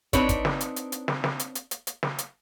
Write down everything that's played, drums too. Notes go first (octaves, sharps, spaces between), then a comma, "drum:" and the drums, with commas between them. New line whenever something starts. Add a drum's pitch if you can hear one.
C4 D4 D#4 B4 C#5, drum: kick, hi-hat
drum: kick, hi-hat
drum: snare
drum: hi-hat
drum: hi-hat
drum: hi-hat
drum: snare
drum: snare
drum: hi-hat
drum: hi-hat
drum: hi-hat
drum: hi-hat
drum: snare
drum: hi-hat